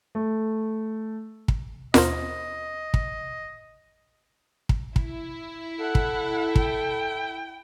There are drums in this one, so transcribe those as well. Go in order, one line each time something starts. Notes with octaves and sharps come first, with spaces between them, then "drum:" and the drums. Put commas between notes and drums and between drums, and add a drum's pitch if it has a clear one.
A3
drum: kick
D#2 B2 A#4 C5 D#5, drum: snare F4
drum: kick
drum: kick
E4, drum: kick
A4 F#5
drum: kick
G5, drum: kick